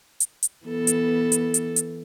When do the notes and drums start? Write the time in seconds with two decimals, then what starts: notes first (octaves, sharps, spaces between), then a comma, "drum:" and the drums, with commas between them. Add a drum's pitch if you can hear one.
0.20 drum: hi-hat
0.43 drum: hi-hat
0.65 E3 B3 A4
0.87 drum: hi-hat
1.32 drum: hi-hat
1.54 drum: hi-hat
1.76 drum: hi-hat